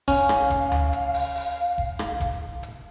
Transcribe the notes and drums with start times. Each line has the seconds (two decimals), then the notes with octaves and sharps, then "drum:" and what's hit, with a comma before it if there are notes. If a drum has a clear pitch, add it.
0.08 C#4 F5, drum: kick E1, open hi-hat
0.29 drum: rim click
0.50 drum: kick E1, hi-hat
0.72 drum: tom D2
0.93 drum: hi-hat
1.14 drum: open hi-hat
1.35 drum: open hi-hat
1.78 drum: kick E1
1.99 drum: rim click
2.20 drum: kick E1, hi-hat
2.63 drum: hi-hat